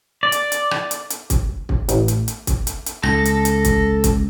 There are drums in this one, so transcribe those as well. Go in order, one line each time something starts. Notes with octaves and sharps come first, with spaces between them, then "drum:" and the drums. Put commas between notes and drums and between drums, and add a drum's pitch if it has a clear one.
D5
drum: hi-hat
drum: hi-hat
drum: rim click
drum: hi-hat
drum: hi-hat
drum: kick, hi-hat
drum: kick
A1, drum: hi-hat
drum: hi-hat
drum: hi-hat
drum: kick, hi-hat
drum: hi-hat
drum: hi-hat
C#2 A4 A#6, drum: rim click
drum: hi-hat
drum: hi-hat
drum: kick, hi-hat
drum: kick, hi-hat